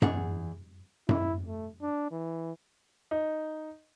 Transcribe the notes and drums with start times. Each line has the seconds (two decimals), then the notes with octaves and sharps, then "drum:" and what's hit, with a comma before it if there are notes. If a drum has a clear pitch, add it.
0.02 E2 G#4 F#5, drum: tom F#2
1.09 E4, drum: tom F#2
1.47 A3
1.82 D4
2.11 E3
3.11 D#4